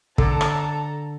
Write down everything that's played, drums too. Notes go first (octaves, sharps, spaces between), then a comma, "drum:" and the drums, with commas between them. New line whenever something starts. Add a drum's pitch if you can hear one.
D3 A4 A5 A#5, drum: kick
drum: rim click